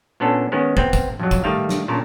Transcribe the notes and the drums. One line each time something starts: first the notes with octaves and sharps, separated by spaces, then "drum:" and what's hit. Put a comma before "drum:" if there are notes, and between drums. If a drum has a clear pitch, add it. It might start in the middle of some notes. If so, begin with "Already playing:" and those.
A#2 B3 C#4 D4 A4
D#3 G#3 B3 C#4
B3 C4, drum: kick
drum: kick, tambourine
F2 F#3
drum: kick, tambourine
D#3 G3 A3 F5
drum: snare
A#2 C#3 A#4 A5